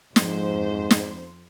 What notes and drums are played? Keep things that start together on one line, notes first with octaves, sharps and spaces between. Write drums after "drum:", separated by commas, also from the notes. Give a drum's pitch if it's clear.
F2 G#2 C5, drum: snare
drum: snare